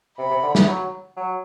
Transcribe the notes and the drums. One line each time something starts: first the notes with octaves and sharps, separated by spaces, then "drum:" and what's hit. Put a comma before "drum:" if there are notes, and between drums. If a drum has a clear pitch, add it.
C3 B5
C3
D3
E3, drum: snare
F#3
F#3